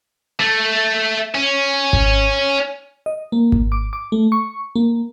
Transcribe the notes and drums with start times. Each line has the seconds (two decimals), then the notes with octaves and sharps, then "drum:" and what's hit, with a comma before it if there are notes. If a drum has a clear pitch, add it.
0.40 A3
1.35 C#4
1.93 drum: kick G#1
3.06 D#5
3.32 A#3
3.52 drum: kick G#1
3.72 D6
3.93 D6
4.12 A3
4.32 C#6
4.76 A#3